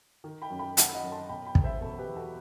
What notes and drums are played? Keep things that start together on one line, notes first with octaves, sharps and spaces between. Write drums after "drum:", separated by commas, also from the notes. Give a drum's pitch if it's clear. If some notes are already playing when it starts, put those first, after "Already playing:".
D#3
G5 B5
F#2
G5 B5
D#3 F#5 A5, drum: hi-hat
D#5 F#5
F#2
A5 C6
B2 G5 B5
G5 B5
E2, drum: kick
C5 E5
B2 A4 C5
G4 B4
E2
F#4 A4